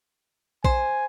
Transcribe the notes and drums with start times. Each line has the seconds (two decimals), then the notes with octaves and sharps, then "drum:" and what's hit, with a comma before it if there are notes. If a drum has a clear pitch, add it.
0.64 C5 G#5, drum: kick A#1